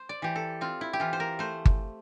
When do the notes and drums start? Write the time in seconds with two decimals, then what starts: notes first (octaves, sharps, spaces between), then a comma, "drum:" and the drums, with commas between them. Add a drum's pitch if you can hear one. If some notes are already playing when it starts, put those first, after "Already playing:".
Already playing: C5
0.09 D5
0.22 E3 G4
0.36 A4
0.61 C4 F4
0.81 E4
0.93 G4
1.00 E3 F4
1.13 C5
1.20 A#4
1.39 A3 C5
1.65 drum: kick G1